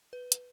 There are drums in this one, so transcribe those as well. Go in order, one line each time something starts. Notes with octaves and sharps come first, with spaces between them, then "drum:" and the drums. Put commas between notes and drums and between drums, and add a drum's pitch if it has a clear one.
B4
drum: hi-hat